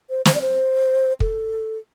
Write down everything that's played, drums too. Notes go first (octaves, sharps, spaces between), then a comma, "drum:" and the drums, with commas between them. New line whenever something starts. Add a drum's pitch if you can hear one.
C5
C5, drum: snare
D5
C5
A4, drum: kick